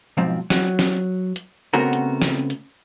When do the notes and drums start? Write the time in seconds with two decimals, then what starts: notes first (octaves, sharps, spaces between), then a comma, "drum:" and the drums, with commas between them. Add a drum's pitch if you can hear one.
0.17 B1 G#2 F3 C4
0.50 F#3, drum: snare
0.79 drum: snare
1.36 drum: hi-hat
1.74 C#3 A3 B3 C4 F#4 A#4
1.93 drum: hi-hat
2.22 drum: snare
2.50 drum: hi-hat